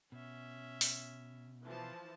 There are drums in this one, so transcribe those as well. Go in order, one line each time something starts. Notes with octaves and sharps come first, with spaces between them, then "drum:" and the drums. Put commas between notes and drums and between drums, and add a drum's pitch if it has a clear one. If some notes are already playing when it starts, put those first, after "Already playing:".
B2 C#4 E5
drum: open hi-hat
E3 F3 A5